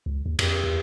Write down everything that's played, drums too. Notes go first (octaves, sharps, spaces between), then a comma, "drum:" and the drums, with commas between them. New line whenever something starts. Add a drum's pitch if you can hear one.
C#2
D#2
F2, drum: cymbal
E2